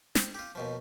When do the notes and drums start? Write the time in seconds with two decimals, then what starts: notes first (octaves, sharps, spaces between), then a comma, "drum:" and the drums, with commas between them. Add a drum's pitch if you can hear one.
0.15 C4, drum: snare
0.35 F4 G4
0.55 D#2 B2 F3